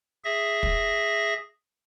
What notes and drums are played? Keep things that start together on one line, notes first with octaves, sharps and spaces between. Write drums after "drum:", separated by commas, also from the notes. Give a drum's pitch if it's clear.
G#4 E5 A#6
drum: kick